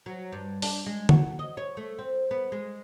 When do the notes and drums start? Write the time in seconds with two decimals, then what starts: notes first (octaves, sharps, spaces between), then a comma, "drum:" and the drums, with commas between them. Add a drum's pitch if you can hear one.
0.06 F#3
0.32 G2
0.62 D4, drum: open hi-hat
0.86 G#3
1.09 F#4, drum: tom D3
1.39 D#5
1.57 C#5
1.77 A3
1.99 C4
2.31 B3
2.52 G#3